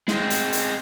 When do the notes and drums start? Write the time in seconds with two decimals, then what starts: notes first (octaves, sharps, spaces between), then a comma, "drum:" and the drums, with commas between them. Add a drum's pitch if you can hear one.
0.08 G#3 C4, drum: snare
0.30 drum: hi-hat
0.53 drum: hi-hat